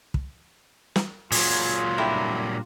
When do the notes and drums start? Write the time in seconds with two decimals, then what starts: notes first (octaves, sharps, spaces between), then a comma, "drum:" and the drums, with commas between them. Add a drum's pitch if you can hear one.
0.14 drum: kick
0.96 drum: snare
1.32 A#2 F#3 F4 G#4, drum: open hi-hat
1.98 G3 D4 E4 A4 A#4 G5